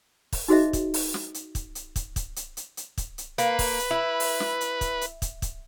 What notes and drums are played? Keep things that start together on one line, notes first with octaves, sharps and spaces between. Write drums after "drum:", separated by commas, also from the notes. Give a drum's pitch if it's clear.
drum: kick, open hi-hat
D#4 F#4 G#4 C5 D#5 E5
drum: kick, hi-hat
drum: open hi-hat
drum: snare
drum: hi-hat
drum: kick, hi-hat
drum: hi-hat
drum: kick, hi-hat
drum: kick, hi-hat
drum: hi-hat
drum: hi-hat
drum: hi-hat
drum: kick, hi-hat
drum: hi-hat
A#3 B4, drum: hi-hat
drum: kick, open hi-hat
drum: hi-hat
E4
drum: open hi-hat
drum: snare
drum: hi-hat
drum: kick, hi-hat
drum: hi-hat
drum: kick, hi-hat
drum: kick, hi-hat